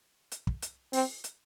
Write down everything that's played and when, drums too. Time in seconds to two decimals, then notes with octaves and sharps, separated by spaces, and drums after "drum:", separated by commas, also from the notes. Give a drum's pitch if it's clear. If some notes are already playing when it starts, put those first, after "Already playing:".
0.32 drum: hi-hat
0.47 drum: kick
0.62 drum: hi-hat
0.93 C4, drum: open hi-hat
1.24 drum: hi-hat